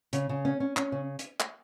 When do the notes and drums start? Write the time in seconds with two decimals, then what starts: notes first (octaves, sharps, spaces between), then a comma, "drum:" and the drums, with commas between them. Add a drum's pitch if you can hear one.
0.13 C#3, drum: hi-hat
0.29 C#3
0.45 C#4
0.60 C#4
0.77 C#4, drum: clap
0.92 C#3
1.19 drum: hi-hat
1.40 drum: clap